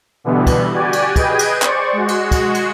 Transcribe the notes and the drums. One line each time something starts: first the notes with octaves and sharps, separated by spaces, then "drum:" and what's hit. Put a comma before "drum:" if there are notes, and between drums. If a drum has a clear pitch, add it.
B2 D3 E3 G3 B3
drum: kick, cymbal
F#4 G4 D5 G#5
drum: cymbal
G#4 B4 D#5 G5 G#5, drum: kick, cymbal
drum: cymbal
C5 D5 C#6, drum: clap
G#3 F#4
drum: cymbal
drum: kick, cymbal
drum: cymbal